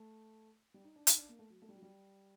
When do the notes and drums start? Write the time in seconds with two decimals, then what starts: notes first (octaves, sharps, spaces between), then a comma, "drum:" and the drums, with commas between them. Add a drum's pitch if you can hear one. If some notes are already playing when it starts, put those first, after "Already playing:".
Already playing: A3
0.74 G3
0.84 D#4
0.96 D4
1.07 D#4, drum: hi-hat
1.18 D4
1.29 A#3
1.39 A3
1.50 F#3
1.62 A3
1.69 G3
1.76 F#3
1.82 G3